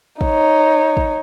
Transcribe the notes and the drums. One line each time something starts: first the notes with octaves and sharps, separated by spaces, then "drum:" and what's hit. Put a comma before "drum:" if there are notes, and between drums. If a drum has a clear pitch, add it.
D#4 C#5, drum: kick
drum: kick